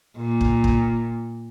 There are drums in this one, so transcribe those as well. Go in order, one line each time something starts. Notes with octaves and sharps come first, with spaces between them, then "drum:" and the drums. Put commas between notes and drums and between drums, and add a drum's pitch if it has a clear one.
A#2
drum: kick
drum: kick